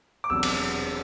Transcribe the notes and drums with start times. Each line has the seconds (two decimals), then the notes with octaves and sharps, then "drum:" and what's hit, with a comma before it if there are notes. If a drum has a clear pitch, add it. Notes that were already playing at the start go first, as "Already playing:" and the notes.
0.24 D6
0.30 E1 E2 C3 F#3 E6
0.43 drum: cymbal